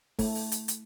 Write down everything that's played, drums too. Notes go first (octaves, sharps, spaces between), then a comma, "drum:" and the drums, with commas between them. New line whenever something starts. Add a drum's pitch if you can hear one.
A3, drum: kick, open hi-hat
drum: open hi-hat
drum: hi-hat
drum: hi-hat